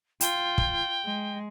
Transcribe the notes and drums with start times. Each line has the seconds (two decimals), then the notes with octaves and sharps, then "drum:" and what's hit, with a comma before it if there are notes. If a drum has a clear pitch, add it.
0.21 F4 G5, drum: hi-hat
0.58 drum: kick
1.05 G#3